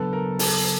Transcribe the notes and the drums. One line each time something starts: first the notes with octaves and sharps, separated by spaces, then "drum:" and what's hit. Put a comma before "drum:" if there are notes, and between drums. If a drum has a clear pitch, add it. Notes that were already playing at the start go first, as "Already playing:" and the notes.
Already playing: C#3 F#3 B3 D4 A4 B4
A#4
A4, drum: open hi-hat